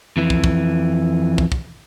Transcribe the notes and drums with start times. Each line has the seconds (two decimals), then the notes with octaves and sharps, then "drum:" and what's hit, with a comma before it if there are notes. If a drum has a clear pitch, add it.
0.17 F2 E3
0.30 drum: kick
0.44 drum: kick
1.38 drum: kick
1.52 drum: kick